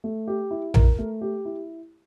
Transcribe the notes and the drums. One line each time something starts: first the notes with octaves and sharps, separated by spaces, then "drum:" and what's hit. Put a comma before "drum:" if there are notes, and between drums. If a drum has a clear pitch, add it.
A3
G4
E4
A#4, drum: tom A#1
A3
G4
E4